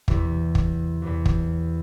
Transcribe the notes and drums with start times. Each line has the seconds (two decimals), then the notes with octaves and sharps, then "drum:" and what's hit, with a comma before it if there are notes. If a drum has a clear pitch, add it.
0.08 E2 C3 E3, drum: kick
0.55 drum: kick
1.02 E2 C3 E3
1.26 drum: kick